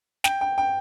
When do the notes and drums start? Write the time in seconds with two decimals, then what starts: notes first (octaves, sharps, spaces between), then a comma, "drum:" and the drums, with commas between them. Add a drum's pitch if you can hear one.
0.24 G5, drum: snare
0.41 G5
0.58 G5